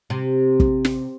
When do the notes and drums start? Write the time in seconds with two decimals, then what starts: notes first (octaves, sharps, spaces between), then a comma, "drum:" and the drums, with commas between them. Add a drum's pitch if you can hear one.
0.10 C3
0.60 drum: kick
0.85 drum: snare